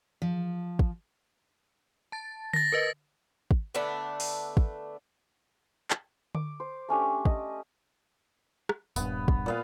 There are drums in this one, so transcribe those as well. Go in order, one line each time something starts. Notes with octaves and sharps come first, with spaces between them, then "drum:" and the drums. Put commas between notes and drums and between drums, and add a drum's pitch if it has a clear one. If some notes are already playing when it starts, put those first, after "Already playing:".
F3
drum: kick
A5 A6
A6 A#6, drum: tom D3
A#4 B4 D#5
drum: kick
D3 A3 B3 D4
drum: open hi-hat
drum: kick
drum: clap
D6, drum: tom D3
C5
A3 C#4 D4 G4
D#5, drum: kick
drum: rim click
D#1 G2 B3, drum: tambourine
drum: kick
A#2 B3 F5